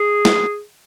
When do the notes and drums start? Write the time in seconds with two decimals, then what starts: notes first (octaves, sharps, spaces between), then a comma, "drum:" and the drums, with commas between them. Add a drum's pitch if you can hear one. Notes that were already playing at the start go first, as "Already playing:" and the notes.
Already playing: G#4
0.25 drum: snare